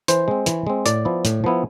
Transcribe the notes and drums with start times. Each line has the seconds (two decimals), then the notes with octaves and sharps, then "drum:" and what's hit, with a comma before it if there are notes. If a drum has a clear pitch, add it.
0.08 E3 C5, drum: hi-hat
0.28 G#3 C4
0.46 E3, drum: hi-hat
0.67 G#3 C4
0.86 A2 D5, drum: hi-hat
1.05 F3 B3 E4
1.25 A2, drum: hi-hat
1.44 F3 B3 E4